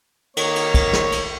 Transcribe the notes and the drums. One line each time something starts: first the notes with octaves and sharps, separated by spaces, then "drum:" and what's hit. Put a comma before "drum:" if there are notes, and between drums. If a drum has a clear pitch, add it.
D#3 A#3 C#5, drum: cymbal
drum: cymbal
drum: kick, cymbal
drum: snare
drum: cymbal